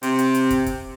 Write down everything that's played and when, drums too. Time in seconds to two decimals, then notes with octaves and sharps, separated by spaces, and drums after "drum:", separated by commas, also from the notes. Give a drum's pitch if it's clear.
0.03 C3, drum: hi-hat
0.19 drum: hi-hat
0.35 drum: hi-hat
0.51 drum: kick, hi-hat
0.66 drum: kick, hi-hat